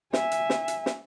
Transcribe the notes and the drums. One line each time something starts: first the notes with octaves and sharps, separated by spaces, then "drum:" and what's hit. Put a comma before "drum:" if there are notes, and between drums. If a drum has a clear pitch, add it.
E5 G#5, drum: snare
drum: hi-hat
drum: snare
drum: hi-hat
drum: snare